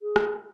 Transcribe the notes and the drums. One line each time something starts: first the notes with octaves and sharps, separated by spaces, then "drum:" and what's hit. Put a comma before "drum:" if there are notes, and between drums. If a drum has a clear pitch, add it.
G#4
drum: rim click